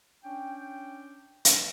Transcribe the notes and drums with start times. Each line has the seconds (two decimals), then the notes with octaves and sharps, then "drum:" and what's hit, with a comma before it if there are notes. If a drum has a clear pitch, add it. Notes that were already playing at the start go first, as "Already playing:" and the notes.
0.24 C#4 D4 G5
1.45 drum: hi-hat